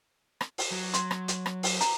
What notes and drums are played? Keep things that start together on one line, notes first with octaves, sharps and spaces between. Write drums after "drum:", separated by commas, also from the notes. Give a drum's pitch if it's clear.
drum: rim click
drum: open hi-hat
F#3
C6, drum: hi-hat
drum: rim click
drum: hi-hat
drum: rim click
drum: open hi-hat
A#5, drum: hi-hat